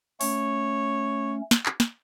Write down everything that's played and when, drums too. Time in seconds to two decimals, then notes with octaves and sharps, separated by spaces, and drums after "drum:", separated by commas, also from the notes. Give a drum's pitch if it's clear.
0.21 A3 C#4 C#5, drum: open hi-hat
1.51 drum: snare
1.66 drum: clap
1.80 drum: snare